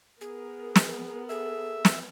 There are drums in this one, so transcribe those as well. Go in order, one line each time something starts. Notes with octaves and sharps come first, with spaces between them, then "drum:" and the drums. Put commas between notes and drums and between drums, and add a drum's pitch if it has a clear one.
B3 G#4 A#4
drum: snare
G#4 A4 E5
drum: snare